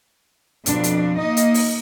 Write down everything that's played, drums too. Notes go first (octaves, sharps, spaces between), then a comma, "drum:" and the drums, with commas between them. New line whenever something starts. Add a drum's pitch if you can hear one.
F2 B2 D4, drum: hi-hat
drum: hi-hat
A#3 D#4 D#5
drum: hi-hat
drum: open hi-hat